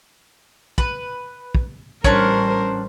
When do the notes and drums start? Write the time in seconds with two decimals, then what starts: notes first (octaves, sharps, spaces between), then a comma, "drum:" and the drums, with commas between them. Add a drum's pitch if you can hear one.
0.78 B4, drum: kick
1.55 drum: kick
2.04 A1 G3 C#4 D4 A#4 C5 C#5, drum: kick